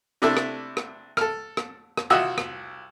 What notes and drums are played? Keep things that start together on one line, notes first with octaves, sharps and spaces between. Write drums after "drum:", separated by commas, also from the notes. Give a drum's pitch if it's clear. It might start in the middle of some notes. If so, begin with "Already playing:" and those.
C3 A3 D4 E4 A4
drum: rim click
drum: rim click
A4 F6, drum: rim click
drum: rim click
drum: rim click
C2 F4 F#4 D#5 E5 F#5
drum: rim click